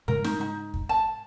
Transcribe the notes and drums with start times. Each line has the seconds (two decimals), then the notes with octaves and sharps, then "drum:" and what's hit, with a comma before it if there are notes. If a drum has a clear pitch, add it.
0.08 G#2 C#3 G#3 A#4
0.24 D#4, drum: snare
0.41 D#4
0.74 drum: kick
0.89 A5